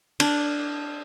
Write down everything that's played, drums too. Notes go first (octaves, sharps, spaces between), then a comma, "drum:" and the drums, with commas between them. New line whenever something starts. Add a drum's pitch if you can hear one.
D4, drum: cymbal